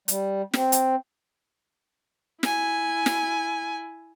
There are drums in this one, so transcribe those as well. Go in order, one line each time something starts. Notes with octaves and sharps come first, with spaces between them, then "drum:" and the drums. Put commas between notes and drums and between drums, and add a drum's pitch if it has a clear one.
G3, drum: hi-hat
C4, drum: snare
drum: hi-hat
E4 G#5, drum: snare
drum: snare